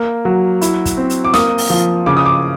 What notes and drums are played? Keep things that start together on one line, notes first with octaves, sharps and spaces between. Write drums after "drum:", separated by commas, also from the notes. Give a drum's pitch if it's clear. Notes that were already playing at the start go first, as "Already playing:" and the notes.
Already playing: A#3
F#3
E4, drum: hi-hat
drum: kick, hi-hat
C4
drum: hi-hat
D6
A#3 D#6, drum: snare
drum: open hi-hat
F3
C#3 D6
D#6
D6